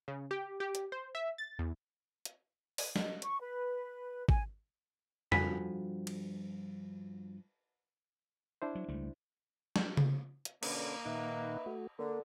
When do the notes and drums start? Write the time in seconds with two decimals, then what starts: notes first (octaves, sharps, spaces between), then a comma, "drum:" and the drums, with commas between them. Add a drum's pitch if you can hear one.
0.08 C#3
0.31 G4
0.60 G4
0.75 drum: hi-hat
0.92 C5
1.15 E5
1.38 A6
1.59 E2
2.25 drum: hi-hat
2.78 drum: open hi-hat
2.96 D#5, drum: snare
3.22 C#6, drum: hi-hat
3.40 B4
4.29 G#5, drum: kick G#1
5.32 G2 F3 F#4 A4 G#5 B5, drum: tom F2
6.07 drum: cymbal
8.62 D4 E4 C5
8.75 F#3
8.88 C#2 G3 A3
9.76 drum: snare
9.97 drum: tom C#3
10.45 drum: hi-hat
10.63 B2 D3 A#3 C#4 B4, drum: cymbal
11.05 A#2 D#3 D#4 B4 E5 F#5
11.66 A3 F#4
11.99 D3 A#3 A#4